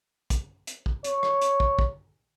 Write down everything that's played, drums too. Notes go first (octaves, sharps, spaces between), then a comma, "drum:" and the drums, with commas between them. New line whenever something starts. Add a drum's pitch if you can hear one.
drum: kick, hi-hat
drum: hi-hat
drum: kick
C#5, drum: hi-hat
drum: rim click
drum: hi-hat
drum: kick
drum: kick